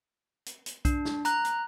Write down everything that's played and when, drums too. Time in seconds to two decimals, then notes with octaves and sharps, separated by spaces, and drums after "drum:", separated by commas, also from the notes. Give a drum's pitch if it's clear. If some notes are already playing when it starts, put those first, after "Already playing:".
0.46 drum: hi-hat
0.66 drum: hi-hat
0.85 D4, drum: kick B1, hi-hat
1.05 drum: snare
1.25 A#5 F#6, drum: hi-hat
1.45 drum: hi-hat